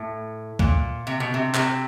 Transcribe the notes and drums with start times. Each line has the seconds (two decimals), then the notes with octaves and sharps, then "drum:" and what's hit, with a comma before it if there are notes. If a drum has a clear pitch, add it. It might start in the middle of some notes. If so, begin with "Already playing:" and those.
Already playing: A2
0.59 A#2, drum: kick
1.07 C3
1.20 B2
1.34 C3
1.54 C3, drum: clap